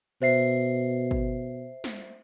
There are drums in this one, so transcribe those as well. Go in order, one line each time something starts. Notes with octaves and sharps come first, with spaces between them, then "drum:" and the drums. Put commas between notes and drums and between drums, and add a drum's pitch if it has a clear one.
B2 C5 E5 C7, drum: cymbal
drum: kick
drum: snare